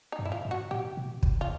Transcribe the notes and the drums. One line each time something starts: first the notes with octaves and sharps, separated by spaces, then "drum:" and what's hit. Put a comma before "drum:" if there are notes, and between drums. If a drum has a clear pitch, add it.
D#4
G2
E4
F4
G#2
F#4
A2 G4
B2
B2, drum: kick
F4